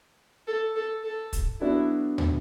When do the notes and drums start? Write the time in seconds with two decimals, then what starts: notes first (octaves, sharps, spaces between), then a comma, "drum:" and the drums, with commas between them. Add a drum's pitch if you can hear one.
0.47 A4
0.76 A4
1.04 A4
1.33 drum: kick, hi-hat
1.60 F#3 B3 D4 E4 F#4 A4
2.18 drum: tom